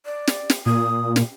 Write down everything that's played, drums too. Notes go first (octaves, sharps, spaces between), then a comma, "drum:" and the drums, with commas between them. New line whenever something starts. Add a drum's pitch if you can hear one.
D5
drum: snare
drum: snare
A#2 D#6
drum: snare